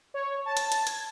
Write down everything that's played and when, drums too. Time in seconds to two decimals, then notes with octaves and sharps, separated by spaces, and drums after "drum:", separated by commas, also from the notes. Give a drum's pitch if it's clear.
0.14 C#5
0.46 A5
0.57 drum: hi-hat
0.72 drum: hi-hat
0.87 G#6, drum: hi-hat